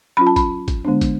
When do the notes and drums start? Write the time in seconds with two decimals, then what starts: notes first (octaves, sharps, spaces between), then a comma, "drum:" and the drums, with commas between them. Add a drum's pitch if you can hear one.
0.17 F#3 C#4 F4 B5
0.27 A5
0.36 B5, drum: kick, hi-hat
0.68 drum: kick, hi-hat
0.85 D3 G#3 B3 D4
1.01 drum: kick, hi-hat